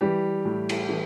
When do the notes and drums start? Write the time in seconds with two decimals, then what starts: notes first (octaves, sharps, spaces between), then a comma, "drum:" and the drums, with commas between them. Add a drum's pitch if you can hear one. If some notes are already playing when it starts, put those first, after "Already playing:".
0.01 E3 G3 G4
0.45 A2
0.69 drum: cymbal
0.89 E3